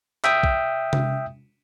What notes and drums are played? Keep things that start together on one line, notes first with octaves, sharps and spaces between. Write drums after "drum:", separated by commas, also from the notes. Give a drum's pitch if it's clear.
E5 G5 D#6, drum: clap
drum: kick
drum: tom C3